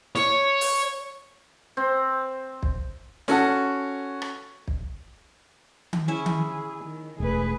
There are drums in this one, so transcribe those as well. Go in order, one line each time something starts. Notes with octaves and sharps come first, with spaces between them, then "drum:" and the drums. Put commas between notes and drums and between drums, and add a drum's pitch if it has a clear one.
C#5, drum: snare
drum: open hi-hat
C4
drum: kick
C#4 F#4 A4 F#5, drum: snare
drum: rim click
drum: kick
drum: tom D#3
C#4 E4 G#4 E5
drum: tom D#3
D#3
E1 A3 G#4 B4